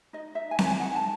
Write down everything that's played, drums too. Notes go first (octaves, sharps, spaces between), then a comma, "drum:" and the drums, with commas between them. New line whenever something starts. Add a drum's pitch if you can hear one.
D#4 D#5
D#4 E5
G#5
A4, drum: snare C4
G#5
D#4 F#5
A5